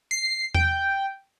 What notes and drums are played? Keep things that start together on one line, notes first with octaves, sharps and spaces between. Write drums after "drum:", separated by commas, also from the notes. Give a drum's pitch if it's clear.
C7
G5, drum: tom E2